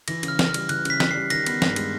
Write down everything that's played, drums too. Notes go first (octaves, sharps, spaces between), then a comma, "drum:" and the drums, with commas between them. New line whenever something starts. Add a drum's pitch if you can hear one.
E3 A#6, drum: cymbal
C#3, drum: cymbal
F6
C#3, drum: snare
F6
G3, drum: cymbal
E3 F#6, drum: cymbal
C#3 B6, drum: cymbal
C#3, drum: snare
G3 C7
D#3 A#6, drum: cymbal
B3, drum: cymbal
G2, drum: snare
G#3, drum: cymbal